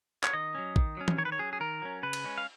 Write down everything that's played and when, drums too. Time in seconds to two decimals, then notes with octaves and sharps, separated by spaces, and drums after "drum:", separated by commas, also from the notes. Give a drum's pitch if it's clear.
0.24 C#5, drum: clap
0.33 D#3 D#5
0.55 F#3 C#4
0.76 D#3, drum: kick
0.97 F#3 C#4
1.08 drum: tom
1.18 D#3 C#5
1.25 B4
1.32 C#5
1.39 F#3 C#4 G#4
1.53 G#4
1.60 D#3 A#4
1.82 F#3 C#4
2.03 C#3 B4
2.13 drum: cymbal
2.24 G#3 C#4
2.38 F5